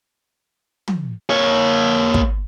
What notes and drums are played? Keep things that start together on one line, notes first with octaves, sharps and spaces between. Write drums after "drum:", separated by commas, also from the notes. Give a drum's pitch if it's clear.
drum: tom
A#3 C#5
drum: kick